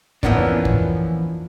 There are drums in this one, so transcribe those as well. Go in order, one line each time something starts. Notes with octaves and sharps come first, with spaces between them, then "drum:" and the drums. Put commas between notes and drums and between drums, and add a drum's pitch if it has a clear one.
E3 F3 A#3 B3 C#4 D4, drum: kick
drum: kick